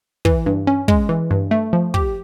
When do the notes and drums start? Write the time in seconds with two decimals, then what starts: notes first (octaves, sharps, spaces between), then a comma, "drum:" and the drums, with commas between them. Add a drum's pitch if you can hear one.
0.25 E3, drum: kick
0.46 G2
0.67 C#4
0.88 G#3, drum: kick
1.09 E3
1.31 G2
1.51 A3
1.73 F3
1.94 G4, drum: kick